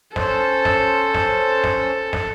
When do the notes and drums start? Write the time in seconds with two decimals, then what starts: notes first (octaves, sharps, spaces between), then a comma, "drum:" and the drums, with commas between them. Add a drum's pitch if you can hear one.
0.16 C#4 A4 C5, drum: snare
0.65 drum: snare
1.15 drum: snare
1.64 drum: snare
2.13 drum: snare